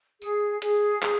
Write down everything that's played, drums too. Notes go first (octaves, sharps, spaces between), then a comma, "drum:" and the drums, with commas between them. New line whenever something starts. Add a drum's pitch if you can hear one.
G#4, drum: tambourine
G#4, drum: hi-hat
G#4, drum: clap